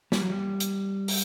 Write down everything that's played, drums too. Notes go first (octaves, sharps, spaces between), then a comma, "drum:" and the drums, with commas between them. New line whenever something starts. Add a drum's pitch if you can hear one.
G3, drum: snare
F#3
G3
drum: hi-hat
drum: open hi-hat